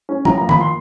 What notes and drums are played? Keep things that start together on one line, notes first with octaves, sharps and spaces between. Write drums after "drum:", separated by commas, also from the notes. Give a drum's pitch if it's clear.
C#4
F3 A#5, drum: tom
A#3 A#5
B5, drum: tom
A#3 C6